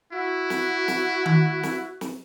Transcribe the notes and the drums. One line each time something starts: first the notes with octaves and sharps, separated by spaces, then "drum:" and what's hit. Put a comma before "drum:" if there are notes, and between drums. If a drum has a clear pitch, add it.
E4 F#4
drum: snare
drum: snare
drum: tom D#3
drum: snare
drum: snare